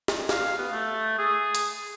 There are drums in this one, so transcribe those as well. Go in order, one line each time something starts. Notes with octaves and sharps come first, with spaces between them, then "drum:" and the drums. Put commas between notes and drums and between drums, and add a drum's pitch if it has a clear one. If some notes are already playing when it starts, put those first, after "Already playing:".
drum: snare
F5, drum: snare
B3
A3
G#4
drum: hi-hat